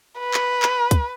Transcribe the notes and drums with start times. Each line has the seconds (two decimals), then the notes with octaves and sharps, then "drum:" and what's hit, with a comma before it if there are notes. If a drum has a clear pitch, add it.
0.19 B4
0.34 drum: clap
0.62 drum: clap
0.91 drum: kick, hi-hat